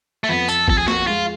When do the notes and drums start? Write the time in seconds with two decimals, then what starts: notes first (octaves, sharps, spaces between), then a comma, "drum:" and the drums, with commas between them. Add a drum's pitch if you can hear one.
0.24 A3
0.29 F2 B3
0.48 A4, drum: tambourine
0.68 F2 A4, drum: kick
0.78 G#4
0.88 F#4, drum: snare
1.07 G#3 F4